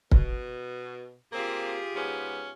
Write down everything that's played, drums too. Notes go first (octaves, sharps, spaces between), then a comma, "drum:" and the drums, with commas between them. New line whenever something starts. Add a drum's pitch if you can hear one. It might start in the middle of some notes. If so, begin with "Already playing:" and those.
B2, drum: kick
A#3 C4 F4 G4 G#4
G#2 B3 C#4